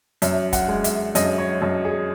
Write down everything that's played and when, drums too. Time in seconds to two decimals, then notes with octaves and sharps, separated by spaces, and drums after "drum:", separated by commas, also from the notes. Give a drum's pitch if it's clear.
0.22 F#2 E5, drum: hi-hat
0.53 F#5, drum: kick, hi-hat
0.68 G#3
0.84 E5, drum: hi-hat
1.15 F#2 D#5, drum: hi-hat
1.38 C#5
1.62 F#2
1.85 G#4